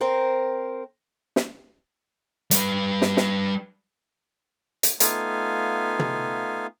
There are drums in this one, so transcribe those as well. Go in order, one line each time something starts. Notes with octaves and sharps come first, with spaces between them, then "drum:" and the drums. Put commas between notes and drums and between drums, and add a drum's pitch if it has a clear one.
C4 A#4 C5
drum: snare
G3 B4, drum: hi-hat
drum: snare
drum: snare
drum: hi-hat
A3 B3 D#4 F4 F5 G#5, drum: hi-hat
drum: tom